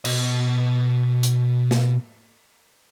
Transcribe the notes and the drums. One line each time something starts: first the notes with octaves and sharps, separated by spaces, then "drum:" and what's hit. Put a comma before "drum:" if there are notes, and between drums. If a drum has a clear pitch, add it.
B2 D#5, drum: cymbal
drum: hi-hat
drum: snare